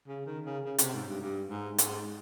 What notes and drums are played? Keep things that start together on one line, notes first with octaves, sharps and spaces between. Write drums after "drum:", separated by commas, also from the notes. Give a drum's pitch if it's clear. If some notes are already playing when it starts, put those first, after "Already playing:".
C#3
D#3
C#3
C#3
C3, drum: hi-hat
G#2
G2
G2
G#2
G#2, drum: hi-hat